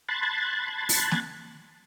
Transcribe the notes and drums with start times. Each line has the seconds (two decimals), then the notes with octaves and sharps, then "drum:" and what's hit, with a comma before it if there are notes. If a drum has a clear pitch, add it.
0.09 A5 B5 C6 F#6 G#6 A6
0.89 drum: open hi-hat
1.11 drum: snare